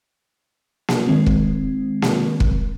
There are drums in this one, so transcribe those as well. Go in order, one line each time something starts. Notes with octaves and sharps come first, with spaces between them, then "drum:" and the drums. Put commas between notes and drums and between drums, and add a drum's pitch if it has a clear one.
drum: snare A#3
D#3 G#3 C4
drum: kick
drum: snare A#3
drum: kick